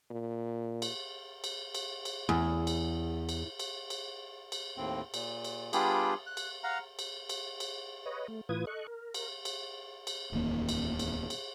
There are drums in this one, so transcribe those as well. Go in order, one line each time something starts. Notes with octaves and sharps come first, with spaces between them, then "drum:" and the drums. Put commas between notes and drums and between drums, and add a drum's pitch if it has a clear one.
A#2
drum: cymbal
drum: cymbal
drum: cymbal
drum: cymbal
E2
drum: cymbal
drum: cymbal
drum: cymbal
drum: cymbal
drum: cymbal
D#2 A2 C4
A#2, drum: cymbal
drum: cymbal
G3 B3 D4 F4 G4 G#4, drum: cymbal
F#6
drum: cymbal
F5 F#5 A#5
drum: cymbal
drum: cymbal
drum: cymbal
B4 C#5 D#5
A3
A2 E3 F4 B4 D#6 G#6
A4 D#5 C#6 F#6
A#4
drum: cymbal
drum: cymbal
drum: cymbal
D1 E2 D#3 A#3
drum: cymbal
drum: cymbal
drum: cymbal